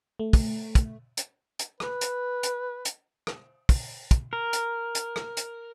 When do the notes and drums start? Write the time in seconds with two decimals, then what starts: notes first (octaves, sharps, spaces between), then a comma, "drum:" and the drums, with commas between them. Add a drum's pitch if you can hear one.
0.19 A3
0.33 drum: kick, open hi-hat
0.75 drum: kick, hi-hat
1.17 drum: hi-hat
1.59 drum: hi-hat
1.80 B4, drum: rim click
2.01 drum: hi-hat
2.43 drum: hi-hat
2.85 drum: hi-hat
3.27 drum: rim click
3.69 drum: kick, open hi-hat
4.11 drum: kick, hi-hat
4.33 A#4
4.53 drum: hi-hat
4.95 drum: hi-hat
5.16 drum: rim click
5.37 drum: hi-hat